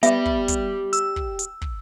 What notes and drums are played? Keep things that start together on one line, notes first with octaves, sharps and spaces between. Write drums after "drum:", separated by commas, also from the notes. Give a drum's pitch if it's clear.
B3 G4 D5 E5, drum: hi-hat
drum: kick
drum: kick, hi-hat
E6, drum: hi-hat
drum: kick
drum: hi-hat
drum: kick